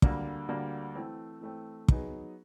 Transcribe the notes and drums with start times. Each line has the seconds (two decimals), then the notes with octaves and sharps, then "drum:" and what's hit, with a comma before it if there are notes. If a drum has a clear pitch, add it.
0.02 D2 D3 G3 A#3 D4, drum: kick
0.48 D2 D3 G3 A#3 D4
0.95 E3 A3 C4
1.41 E3 A3 C4
1.88 F#3 B3 D#4 G#4, drum: kick